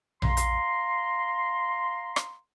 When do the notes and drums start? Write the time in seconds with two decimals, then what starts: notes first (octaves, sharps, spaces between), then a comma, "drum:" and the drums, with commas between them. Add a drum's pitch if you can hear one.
0.22 F5 A#5 C6, drum: tom A#1
0.37 drum: hi-hat
2.16 drum: rim click